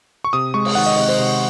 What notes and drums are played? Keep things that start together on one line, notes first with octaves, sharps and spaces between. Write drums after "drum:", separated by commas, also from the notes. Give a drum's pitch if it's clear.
C#6
C3 D#6
G#3 C#6
drum: cymbal
D#3 F#5
D#5
C3 D#5
C5
C3